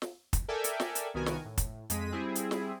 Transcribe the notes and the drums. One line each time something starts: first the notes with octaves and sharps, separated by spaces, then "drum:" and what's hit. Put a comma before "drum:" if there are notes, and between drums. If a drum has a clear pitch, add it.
drum: snare
drum: kick, hi-hat
A4 A#4 D5 E5 G5 G#5
drum: hi-hat
drum: snare
drum: hi-hat
C2 D#3 B3 F#4 A#4 G#5
drum: snare
A2
drum: kick, hi-hat
F2 G#3 B6 D#7, drum: hi-hat
G3 C4 E4 G#4
drum: hi-hat
drum: snare